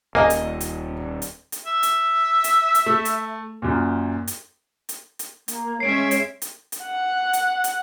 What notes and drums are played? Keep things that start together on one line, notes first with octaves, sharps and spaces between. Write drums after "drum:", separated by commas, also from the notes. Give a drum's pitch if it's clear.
D#1 A#3 D#5 F5 G#5
drum: hi-hat
drum: hi-hat
drum: hi-hat
drum: hi-hat
E5
drum: hi-hat
drum: hi-hat
drum: hi-hat
A3
drum: hi-hat
F#2 A#2
drum: hi-hat
drum: hi-hat
drum: hi-hat
A#3, drum: hi-hat
G#3 C#4 C#5 E5 C7 D7
drum: hi-hat
drum: hi-hat
drum: hi-hat
F#5
drum: hi-hat
drum: hi-hat